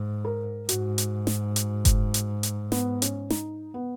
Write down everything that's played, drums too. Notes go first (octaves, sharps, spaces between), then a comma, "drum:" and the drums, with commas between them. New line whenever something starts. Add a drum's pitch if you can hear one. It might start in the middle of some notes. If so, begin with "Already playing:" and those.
Already playing: G#2
A#4
G#2 F#4, drum: hi-hat
drum: hi-hat
drum: snare
drum: hi-hat
drum: kick F#1, hi-hat
drum: hi-hat
drum: hi-hat
B3, drum: snare
C#4, drum: hi-hat
D#4, drum: snare
B3